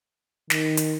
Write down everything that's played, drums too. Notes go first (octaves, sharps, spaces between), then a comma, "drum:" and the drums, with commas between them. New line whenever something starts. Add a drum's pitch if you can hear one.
D#3, drum: snare
drum: hi-hat